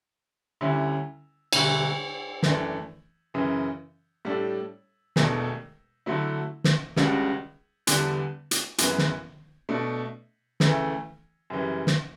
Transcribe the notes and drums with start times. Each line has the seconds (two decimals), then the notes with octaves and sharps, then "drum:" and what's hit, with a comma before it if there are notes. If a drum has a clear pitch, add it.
0.61 D2 D3 G3 C#4 E4
1.53 E1 D2 D3 G3, drum: cymbal
2.43 F#2 E3 A3 D4, drum: snare
3.34 F#2 C#3 E3
4.25 A2 G3 D4 A4
5.16 E1 E2 B2 A3 D4, drum: snare
6.06 D3 F#3 A3 E4
6.64 drum: snare
6.96 C#2 C#3 G3 D4 F#4, drum: snare
7.87 E2 D3 G3 B3 D4, drum: hi-hat
8.51 drum: hi-hat
8.78 F#2 C#3 E3 B3, drum: hi-hat
8.98 drum: snare
9.69 B2 A3 D4
10.60 D2 C#3 E3 A3, drum: snare
11.50 F#2 C#3 E3 G3
11.87 drum: snare